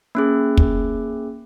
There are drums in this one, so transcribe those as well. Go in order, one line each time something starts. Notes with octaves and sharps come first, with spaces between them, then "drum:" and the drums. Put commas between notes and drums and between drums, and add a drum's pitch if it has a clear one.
A#3 C#4 G#4
drum: kick